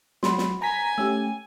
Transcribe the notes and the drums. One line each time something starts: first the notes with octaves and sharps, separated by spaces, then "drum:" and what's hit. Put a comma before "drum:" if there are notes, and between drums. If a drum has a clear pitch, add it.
F#3 F#4 B5 C6, drum: snare
drum: snare
G#5 A#5 B6
A3 C#4 G4 E6